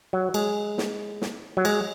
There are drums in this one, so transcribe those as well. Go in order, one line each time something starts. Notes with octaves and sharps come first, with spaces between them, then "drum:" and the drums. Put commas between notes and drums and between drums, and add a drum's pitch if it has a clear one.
F#3
G#3, drum: cymbal
drum: snare
drum: snare
F#3
G#3, drum: cymbal